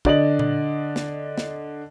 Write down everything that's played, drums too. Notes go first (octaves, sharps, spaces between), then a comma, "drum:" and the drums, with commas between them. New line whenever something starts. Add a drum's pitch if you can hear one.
D3 D5 D#5 F#7, drum: kick
drum: tom A#2
drum: snare
drum: snare